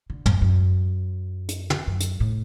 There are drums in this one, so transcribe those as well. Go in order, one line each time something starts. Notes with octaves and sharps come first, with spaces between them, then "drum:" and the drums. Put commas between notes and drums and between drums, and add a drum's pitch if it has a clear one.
D3
F#2, drum: tom
F#2
drum: hi-hat
drum: tom
F#2
drum: hi-hat
A2